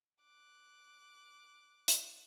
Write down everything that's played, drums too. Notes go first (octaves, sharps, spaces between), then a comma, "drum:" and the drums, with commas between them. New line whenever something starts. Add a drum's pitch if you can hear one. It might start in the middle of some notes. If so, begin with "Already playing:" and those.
D6 F#6
drum: hi-hat